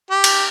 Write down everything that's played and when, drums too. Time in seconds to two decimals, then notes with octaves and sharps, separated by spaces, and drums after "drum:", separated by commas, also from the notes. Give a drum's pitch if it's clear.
0.11 G4
0.24 drum: cymbal